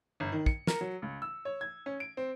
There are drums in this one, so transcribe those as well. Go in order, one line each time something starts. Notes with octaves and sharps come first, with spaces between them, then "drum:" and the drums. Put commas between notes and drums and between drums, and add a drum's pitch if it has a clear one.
G1
D#3
C#7, drum: kick
A#4, drum: snare
F#3
C#2
E6
C#5
G#6
C#4
D7
C4